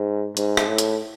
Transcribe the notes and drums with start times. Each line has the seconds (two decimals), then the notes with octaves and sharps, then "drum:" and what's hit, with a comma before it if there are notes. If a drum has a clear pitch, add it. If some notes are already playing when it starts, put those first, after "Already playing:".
Already playing: G#2
0.37 G#2, drum: hi-hat
0.57 drum: rim click
0.68 A2
0.78 drum: hi-hat